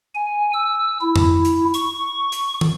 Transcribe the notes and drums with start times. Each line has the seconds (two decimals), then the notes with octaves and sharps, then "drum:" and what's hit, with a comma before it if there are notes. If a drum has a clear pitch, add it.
0.15 G#5
0.53 E6
1.01 E4
1.16 drum: tom F2
1.45 drum: hi-hat
1.74 C#6, drum: hi-hat
2.32 drum: hi-hat
2.61 drum: tom